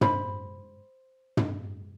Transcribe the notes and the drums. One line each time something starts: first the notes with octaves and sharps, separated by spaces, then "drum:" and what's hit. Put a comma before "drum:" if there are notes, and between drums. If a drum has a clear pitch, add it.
C5 B5, drum: tom
drum: tom